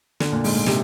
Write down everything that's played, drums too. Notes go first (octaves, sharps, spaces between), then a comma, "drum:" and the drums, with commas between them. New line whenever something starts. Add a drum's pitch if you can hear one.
D3, drum: snare
A#2
G#2, drum: open hi-hat
A#2
C3, drum: snare